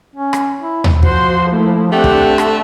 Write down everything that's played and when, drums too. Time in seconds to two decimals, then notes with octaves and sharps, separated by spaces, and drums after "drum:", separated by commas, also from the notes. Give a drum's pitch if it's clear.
0.16 C#4
0.33 drum: rim click
0.61 E4
0.84 drum: tom D#2
1.03 F3 F#4 C5 C6, drum: kick
1.51 A3 A#3 E4
1.92 A3 C4 D4 G4 F#5
2.04 drum: kick
2.38 drum: rim click